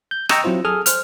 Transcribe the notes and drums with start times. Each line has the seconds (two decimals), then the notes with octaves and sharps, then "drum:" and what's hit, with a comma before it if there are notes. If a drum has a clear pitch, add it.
0.11 G6
0.29 D#5 G5 A#5 C#6 D#6 E6, drum: rim click
0.44 F#3 C4 E4 F4 C5
0.65 G#4 A4 G#5 D#6 F6
0.86 C5 F6, drum: hi-hat